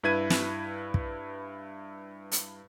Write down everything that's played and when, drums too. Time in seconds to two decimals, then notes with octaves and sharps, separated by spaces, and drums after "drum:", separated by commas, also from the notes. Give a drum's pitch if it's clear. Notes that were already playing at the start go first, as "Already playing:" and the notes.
0.03 G2 E4 B4 G#6 D#7
0.30 drum: snare
0.94 drum: kick
2.32 drum: hi-hat